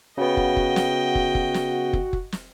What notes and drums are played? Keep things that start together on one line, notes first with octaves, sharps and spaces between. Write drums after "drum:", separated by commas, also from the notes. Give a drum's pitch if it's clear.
C#3 B3 F#4 D#5 G5
drum: kick
drum: kick
drum: snare
drum: kick
drum: kick
drum: snare
drum: kick
drum: kick
drum: snare